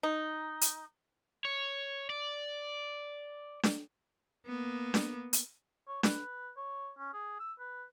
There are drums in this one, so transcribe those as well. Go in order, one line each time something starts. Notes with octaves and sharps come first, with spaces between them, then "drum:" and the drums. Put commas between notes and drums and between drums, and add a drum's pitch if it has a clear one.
D#4
drum: hi-hat
C#5
D5
drum: snare D4
A#3 B3
drum: snare D4
drum: hi-hat
C#5
B4, drum: snare D4
C#5
C#4
G#4
E6
B4